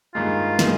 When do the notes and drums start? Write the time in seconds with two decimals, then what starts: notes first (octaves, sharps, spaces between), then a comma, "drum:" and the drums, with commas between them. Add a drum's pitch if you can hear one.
0.15 G2 D#3 G#3 F4
0.59 D#3 G#3, drum: snare